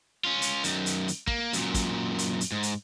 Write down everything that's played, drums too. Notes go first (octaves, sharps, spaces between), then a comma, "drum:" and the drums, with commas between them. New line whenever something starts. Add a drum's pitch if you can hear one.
C#4 F4
drum: hi-hat
F#2 D#3, drum: hi-hat
drum: hi-hat
drum: hi-hat
A#3, drum: kick
F#2 A#2, drum: hi-hat
drum: kick, hi-hat
drum: hi-hat
drum: hi-hat
G#2
drum: hi-hat